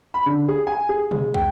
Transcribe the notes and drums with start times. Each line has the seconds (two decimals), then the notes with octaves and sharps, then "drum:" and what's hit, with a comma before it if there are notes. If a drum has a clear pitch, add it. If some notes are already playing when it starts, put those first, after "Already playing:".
0.14 B5
0.26 D3
0.48 G#4
0.67 G#5
0.89 G#4
1.11 G#3, drum: tom B2
1.34 G5, drum: kick